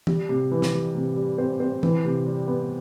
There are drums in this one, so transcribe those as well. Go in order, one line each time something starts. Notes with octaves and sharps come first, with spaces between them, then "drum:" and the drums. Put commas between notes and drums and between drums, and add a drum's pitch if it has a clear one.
G3, drum: tom
C3
E3
drum: snare
G3
C3
G3
C4
C4
E3, drum: tom
C3
G3
B3